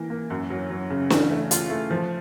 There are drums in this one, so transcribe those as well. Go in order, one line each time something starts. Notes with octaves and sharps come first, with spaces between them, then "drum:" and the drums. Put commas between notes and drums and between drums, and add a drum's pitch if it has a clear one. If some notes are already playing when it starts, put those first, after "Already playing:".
Already playing: E3 A#3
A#3
F#2
F#3
F#3
C#3
E3, drum: snare
A3
F4, drum: hi-hat
A3
F3